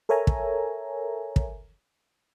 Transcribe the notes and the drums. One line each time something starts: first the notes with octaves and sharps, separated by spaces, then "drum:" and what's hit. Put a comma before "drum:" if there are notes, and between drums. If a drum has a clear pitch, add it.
A4 A#4 C#5 E5 G#5 A#5
drum: kick
drum: kick